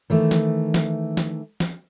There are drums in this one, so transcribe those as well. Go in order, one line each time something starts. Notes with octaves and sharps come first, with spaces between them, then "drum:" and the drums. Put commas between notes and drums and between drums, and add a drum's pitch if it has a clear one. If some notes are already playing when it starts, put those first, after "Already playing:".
D#3 E3 A3
drum: snare
drum: snare
drum: snare
drum: snare